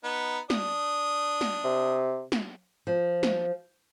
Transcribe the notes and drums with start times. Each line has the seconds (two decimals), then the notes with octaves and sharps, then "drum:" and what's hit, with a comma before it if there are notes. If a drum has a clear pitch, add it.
0.04 B3 D#4
0.50 D4 D#6, drum: snare
1.41 drum: snare
1.64 C3
2.32 drum: snare
2.87 F3
3.23 drum: snare